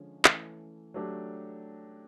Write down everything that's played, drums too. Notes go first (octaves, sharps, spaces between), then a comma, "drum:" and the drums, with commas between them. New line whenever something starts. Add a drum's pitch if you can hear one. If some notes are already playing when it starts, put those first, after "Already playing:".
Already playing: D3 F3 G#3 C#4
E3 A3 C#4 E4, drum: clap
F#3 A3 D4 G4